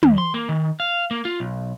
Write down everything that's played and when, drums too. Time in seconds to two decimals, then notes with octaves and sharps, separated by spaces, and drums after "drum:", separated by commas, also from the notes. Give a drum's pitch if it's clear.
0.03 D#2, drum: tom
0.18 C6
0.34 A#3
0.49 D#3
0.80 F5
1.11 A#3
1.25 F4
1.40 B1